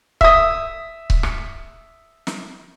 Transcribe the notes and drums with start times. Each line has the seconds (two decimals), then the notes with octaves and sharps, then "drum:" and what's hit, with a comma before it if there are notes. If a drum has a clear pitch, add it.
0.21 E5 D#6, drum: kick C#1
1.10 drum: kick C#1
1.23 drum: rim click
2.27 drum: snare